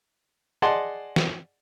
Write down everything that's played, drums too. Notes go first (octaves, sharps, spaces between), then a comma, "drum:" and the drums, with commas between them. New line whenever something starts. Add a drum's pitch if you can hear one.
G#4 D5 D#5 F#5 A5 C6
drum: snare